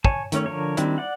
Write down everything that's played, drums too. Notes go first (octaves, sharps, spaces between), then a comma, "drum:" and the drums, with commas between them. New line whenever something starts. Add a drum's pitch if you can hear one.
C#5 G#5 A5, drum: kick
D#3 A3 C#4 C#5, drum: hi-hat
D3 F3 A#4 C#5
D#3 G3 C4 D4 E4, drum: hi-hat
D5 F#5